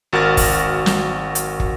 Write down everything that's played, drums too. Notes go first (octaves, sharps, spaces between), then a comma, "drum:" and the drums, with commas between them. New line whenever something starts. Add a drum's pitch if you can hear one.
G#1 F#4 A#4 F6 A6
drum: kick, open hi-hat
drum: snare
drum: hi-hat
drum: kick